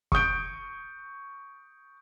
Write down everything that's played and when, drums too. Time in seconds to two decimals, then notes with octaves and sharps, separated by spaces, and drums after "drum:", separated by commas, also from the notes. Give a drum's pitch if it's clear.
0.12 C#6 D#6 G6 D7, drum: kick